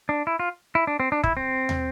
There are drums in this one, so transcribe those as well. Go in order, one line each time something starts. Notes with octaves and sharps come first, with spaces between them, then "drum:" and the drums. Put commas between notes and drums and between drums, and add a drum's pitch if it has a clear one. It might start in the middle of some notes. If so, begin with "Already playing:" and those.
D4
E4
F4
E4
D4
C4
D4
E4, drum: kick
C4
drum: tom